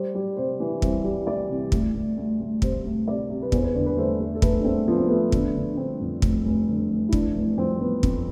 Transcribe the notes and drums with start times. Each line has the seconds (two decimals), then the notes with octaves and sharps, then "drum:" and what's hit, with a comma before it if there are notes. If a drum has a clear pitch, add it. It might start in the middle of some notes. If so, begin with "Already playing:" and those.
Already playing: G3 C5
0.15 G3
0.37 C3 C5
0.60 E3
0.82 C2 C5, drum: kick
1.04 G3
1.27 E3 D5
1.50 C3
1.72 D2, drum: kick
1.94 D2
2.17 D2
2.40 D2
2.62 C3 C5, drum: kick
2.85 D2
3.08 C3 D5
3.30 C3
3.42 B4
3.52 E2 C5, drum: kick
3.63 B4
3.74 D3 B4
3.86 B4
3.97 A3 C5
4.20 A3
4.35 A4
4.42 A3 B4, drum: kick
4.60 D4
4.64 A3 C4
4.88 F3 B3
4.97 C4
5.08 A3 B3
5.32 D3 B3, drum: kick
5.55 D3
5.74 D4
5.77 D3 C4
6.01 F2
6.22 F1, drum: kick
6.45 F1
6.68 D3
6.90 F1
7.09 E4
7.13 E3 D4, drum: kick
7.35 F1
7.57 F2 C4
7.80 F2 B3
8.03 F2, drum: kick